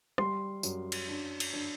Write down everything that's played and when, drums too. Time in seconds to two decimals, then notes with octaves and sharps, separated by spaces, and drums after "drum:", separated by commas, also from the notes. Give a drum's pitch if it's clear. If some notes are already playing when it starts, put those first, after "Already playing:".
0.18 G3 C6, drum: rim click
0.63 F#2, drum: tambourine
0.92 drum: cymbal
1.08 D4
1.40 drum: cymbal
1.53 D4